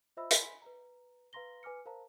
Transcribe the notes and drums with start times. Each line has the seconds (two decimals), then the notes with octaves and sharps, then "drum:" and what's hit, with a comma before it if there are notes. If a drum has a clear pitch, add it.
0.17 F4 C5 D#5 E5 B5 E6
0.31 G#5 B5 C6 B6, drum: hi-hat
0.62 B4 A#5
1.33 B4 F5 A#5 C6 A#6 G7
1.63 B4 G#5 D6 F6 C#7
1.86 A#4 C5 F5 A5 A#5